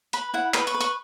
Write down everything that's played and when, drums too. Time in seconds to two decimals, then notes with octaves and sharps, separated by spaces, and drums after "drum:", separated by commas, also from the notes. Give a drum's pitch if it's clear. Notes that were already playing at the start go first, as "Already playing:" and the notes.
0.13 B4 B5, drum: hi-hat
0.34 E4 F#5
0.54 B4 B5, drum: clap
0.67 C#6, drum: hi-hat
0.74 B4
0.81 C#6, drum: hi-hat